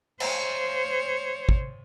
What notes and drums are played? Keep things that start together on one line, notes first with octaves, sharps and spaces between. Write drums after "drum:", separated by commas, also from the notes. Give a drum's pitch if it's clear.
C5 C#5, drum: cymbal
drum: kick